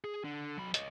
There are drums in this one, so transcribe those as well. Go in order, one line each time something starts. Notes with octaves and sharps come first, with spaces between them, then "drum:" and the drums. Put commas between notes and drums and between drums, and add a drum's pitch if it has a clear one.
G#4
D3
F#3 B5
C#5 D#5, drum: hi-hat